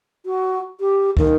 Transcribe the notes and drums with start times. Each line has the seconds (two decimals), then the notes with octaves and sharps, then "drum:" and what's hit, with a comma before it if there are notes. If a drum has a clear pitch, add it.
0.25 F#4
0.80 G4
1.17 D#3, drum: kick